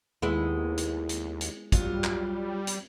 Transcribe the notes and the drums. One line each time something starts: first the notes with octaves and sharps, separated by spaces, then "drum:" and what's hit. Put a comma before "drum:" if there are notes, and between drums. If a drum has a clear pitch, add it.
D#2 G#3 B3 E4
drum: hi-hat
drum: hi-hat
drum: hi-hat
F#3 G3 F4, drum: kick, hi-hat
drum: clap
drum: hi-hat